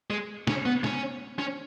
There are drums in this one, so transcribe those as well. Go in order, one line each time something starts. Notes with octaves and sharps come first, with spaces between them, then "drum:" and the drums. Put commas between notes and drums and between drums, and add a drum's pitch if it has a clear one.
G#3
C#4, drum: snare
B3
C#4, drum: snare
C#4